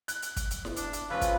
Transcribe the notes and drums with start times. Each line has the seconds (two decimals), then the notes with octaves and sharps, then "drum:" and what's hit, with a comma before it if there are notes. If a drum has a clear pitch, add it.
0.08 F#6, drum: hi-hat
0.22 drum: hi-hat
0.36 drum: kick, hi-hat
0.51 drum: hi-hat
0.65 drum: snare E4
0.76 D4, drum: hi-hat
0.93 drum: hi-hat
1.10 F1 C#3 F3 B4 C#5 F5
1.21 drum: kick, hi-hat